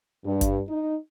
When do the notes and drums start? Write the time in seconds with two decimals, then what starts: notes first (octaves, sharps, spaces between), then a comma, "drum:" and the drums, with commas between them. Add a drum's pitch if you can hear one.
0.24 G2
0.41 drum: kick G#1, hi-hat
0.67 D#4